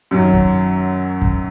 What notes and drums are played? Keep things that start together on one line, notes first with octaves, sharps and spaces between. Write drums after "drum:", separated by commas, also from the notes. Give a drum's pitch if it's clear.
F#2 D#3 F#3
drum: kick
drum: kick